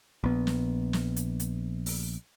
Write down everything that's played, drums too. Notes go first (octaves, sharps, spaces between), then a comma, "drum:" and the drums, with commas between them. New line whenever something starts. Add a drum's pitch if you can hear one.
A#1 B3
drum: snare
drum: snare
drum: hi-hat
drum: hi-hat
drum: open hi-hat